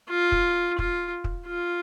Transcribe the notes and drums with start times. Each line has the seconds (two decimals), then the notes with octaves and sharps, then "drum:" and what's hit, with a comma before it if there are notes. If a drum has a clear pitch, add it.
0.09 F4
0.32 drum: kick
0.79 F4, drum: kick
1.24 drum: kick
1.47 F4